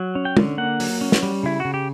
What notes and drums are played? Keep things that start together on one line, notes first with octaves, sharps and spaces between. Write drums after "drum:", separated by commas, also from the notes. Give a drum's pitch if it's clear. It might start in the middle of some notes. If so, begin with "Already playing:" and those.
Already playing: F#3
C#4
G5
D3, drum: tom
A#3 F#5
F#3, drum: open hi-hat
C#4
drum: snare
G3
C#3 E4
C#3 F#4
G4